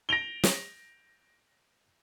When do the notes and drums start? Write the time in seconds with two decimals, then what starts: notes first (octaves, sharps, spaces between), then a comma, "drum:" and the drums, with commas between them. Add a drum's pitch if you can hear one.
0.09 A#6 D7 F7 G7
0.43 drum: snare